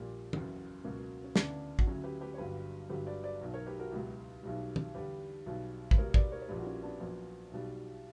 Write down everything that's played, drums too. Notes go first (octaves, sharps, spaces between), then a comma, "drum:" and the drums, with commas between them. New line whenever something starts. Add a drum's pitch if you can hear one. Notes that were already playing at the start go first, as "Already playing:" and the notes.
Already playing: A#1 A#2 G3
F#1 E2 C#3 F#3, drum: tom
C#2 B2 F#3 A#3 C#4
C#4
D2 C#3 E3 B3 D4, drum: snare
F#4, drum: kick
D2 C#3 F#3 C#4 E4
G4 B4
G4 B4
C#5
G1 G2 D3 F#3 G4 B4
G1 G2 D3 F#3 G4 B4
B4 D5
B4 D5
B1 B2 F#3
A#4 C#5
G4 B4
F#4 A#4
C#2 B2 F#3 E4 G4
B1 B2 G3
drum: tom
E2 D3 G3 G4 B4
B1 B2 G3
B4, drum: kick
C#2 B2 G3 A#4 C#5
B4 D5, drum: kick
A#4 C#5
C#5
A#1 A#2 G3 B4 D5
F#4
C#4 E4
B3 D4
A#1 A#2 F#3 B3
B1 B2 G3